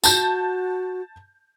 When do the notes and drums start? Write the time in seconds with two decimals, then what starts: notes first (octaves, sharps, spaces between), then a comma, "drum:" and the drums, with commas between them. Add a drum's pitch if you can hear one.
0.04 F#4 A5 G6, drum: tambourine